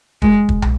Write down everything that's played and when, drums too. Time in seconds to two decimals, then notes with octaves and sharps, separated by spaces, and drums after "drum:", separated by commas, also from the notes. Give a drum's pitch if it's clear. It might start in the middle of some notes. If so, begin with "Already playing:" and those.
0.22 G#3, drum: kick
0.49 drum: kick
0.62 drum: tom